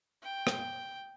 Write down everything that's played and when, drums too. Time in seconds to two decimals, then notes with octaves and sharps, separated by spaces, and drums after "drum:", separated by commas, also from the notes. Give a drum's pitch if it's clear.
0.23 G5
0.47 drum: rim click